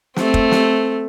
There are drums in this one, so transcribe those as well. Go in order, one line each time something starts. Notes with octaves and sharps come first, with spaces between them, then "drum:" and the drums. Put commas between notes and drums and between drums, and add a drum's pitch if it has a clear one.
A3 C4, drum: snare
drum: kick
drum: snare